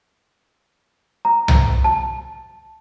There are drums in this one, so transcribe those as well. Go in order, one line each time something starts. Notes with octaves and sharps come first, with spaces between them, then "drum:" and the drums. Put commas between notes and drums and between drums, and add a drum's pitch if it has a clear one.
A#5
drum: tom C2
A5